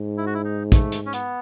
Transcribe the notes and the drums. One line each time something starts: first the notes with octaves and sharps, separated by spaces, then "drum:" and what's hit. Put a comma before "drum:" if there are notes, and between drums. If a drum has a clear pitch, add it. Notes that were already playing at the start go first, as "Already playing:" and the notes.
Already playing: G#2
E4
F#4
E4
D#4
A3, drum: kick, hi-hat
drum: hi-hat
C#4
B3, drum: hi-hat